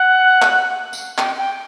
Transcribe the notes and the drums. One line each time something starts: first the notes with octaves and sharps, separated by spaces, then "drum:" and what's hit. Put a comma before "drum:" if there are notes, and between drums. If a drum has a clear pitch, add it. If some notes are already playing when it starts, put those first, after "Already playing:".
Already playing: F#5
drum: clap
drum: tambourine
G5, drum: clap
G5